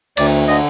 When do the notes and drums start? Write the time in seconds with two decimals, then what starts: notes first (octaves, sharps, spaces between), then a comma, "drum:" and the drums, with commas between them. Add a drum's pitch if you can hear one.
0.17 D2 D5, drum: cymbal
0.48 D3 D#5